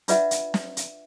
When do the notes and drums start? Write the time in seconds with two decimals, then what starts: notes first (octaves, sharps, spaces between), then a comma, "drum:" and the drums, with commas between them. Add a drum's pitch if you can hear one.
0.08 D4 F4 B4 D5 E5 F#5, drum: hi-hat
0.31 drum: hi-hat
0.54 drum: snare
0.77 drum: hi-hat